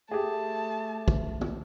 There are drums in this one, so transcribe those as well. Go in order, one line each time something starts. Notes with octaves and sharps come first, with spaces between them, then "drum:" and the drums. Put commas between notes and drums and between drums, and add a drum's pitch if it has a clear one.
A3 G4 G#4 A5
drum: kick
drum: tom